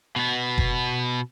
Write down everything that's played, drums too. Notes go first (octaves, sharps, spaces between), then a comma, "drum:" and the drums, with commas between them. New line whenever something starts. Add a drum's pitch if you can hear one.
B2 B3
drum: kick F1